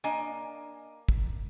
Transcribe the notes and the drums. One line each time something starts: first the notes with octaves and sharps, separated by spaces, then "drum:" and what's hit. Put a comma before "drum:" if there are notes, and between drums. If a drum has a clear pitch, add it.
A#3 D4 D#5 G#5
drum: kick